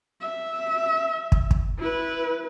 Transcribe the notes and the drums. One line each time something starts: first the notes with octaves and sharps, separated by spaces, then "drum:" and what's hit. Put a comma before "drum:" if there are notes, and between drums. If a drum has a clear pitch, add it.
E5
drum: kick
drum: kick
E4 B4